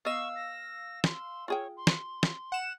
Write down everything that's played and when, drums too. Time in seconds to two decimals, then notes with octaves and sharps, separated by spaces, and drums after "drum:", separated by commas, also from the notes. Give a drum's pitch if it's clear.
0.05 B3 D#5 F5 C#6 E6
0.36 A#6
1.04 C6, drum: snare
1.48 F4 G#4 C#5 G5
1.77 C6
1.87 drum: snare
2.23 drum: snare
2.52 F#5 E7